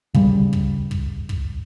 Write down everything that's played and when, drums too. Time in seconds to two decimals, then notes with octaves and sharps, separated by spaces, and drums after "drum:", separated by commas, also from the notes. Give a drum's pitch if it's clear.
0.14 C#3 G3, drum: kick
0.53 drum: kick
0.91 drum: kick
1.29 drum: kick